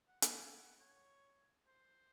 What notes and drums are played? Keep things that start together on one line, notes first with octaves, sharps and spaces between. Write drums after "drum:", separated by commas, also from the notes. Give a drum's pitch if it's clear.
F#5
F#5, drum: hi-hat
G#5
F#5
C#5
C5